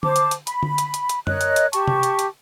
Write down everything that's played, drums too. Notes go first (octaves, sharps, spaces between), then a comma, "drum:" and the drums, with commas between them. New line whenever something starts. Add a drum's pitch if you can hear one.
C5 A5 D6, drum: tom D3
drum: hi-hat
drum: hi-hat
B5, drum: hi-hat
drum: tom D3
drum: hi-hat
drum: hi-hat
drum: hi-hat
A#4 C#5 D#5 F#6, drum: tom F#2
drum: hi-hat
drum: hi-hat
G4 A5 C#6, drum: hi-hat
drum: tom C3
drum: hi-hat
drum: hi-hat